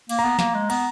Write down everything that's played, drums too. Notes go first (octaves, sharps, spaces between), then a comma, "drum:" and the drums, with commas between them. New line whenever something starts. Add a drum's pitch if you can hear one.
A#3, drum: cymbal
A#5
B3
A#3, drum: snare
G#3
B3 A#5, drum: cymbal